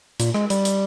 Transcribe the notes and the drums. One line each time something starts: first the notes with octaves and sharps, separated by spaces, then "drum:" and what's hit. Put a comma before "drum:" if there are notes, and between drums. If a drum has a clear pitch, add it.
A#2, drum: hi-hat
G#3, drum: rim click
G3, drum: hi-hat
drum: hi-hat